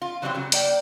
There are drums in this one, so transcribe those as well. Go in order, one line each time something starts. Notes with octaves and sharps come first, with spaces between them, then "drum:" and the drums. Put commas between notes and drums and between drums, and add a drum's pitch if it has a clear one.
F4
E3 F#3 G3 C4 D#4 F4
C#3 F#3
A#3 D5 G5, drum: hi-hat